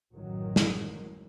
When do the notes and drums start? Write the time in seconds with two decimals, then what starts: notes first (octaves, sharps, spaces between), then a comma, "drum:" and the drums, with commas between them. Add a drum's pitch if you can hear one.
0.13 A1 F#2 D#3 F#3
0.56 drum: snare